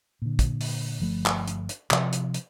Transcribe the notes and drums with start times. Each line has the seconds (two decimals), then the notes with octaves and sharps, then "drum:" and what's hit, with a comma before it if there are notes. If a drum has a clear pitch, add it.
0.22 A#2 D3
0.39 drum: kick, hi-hat
0.61 drum: open hi-hat
1.00 G1 F3 A3
1.26 drum: clap
1.48 drum: hi-hat
1.69 drum: hi-hat
1.91 C3 F3, drum: clap
2.13 drum: hi-hat
2.34 drum: hi-hat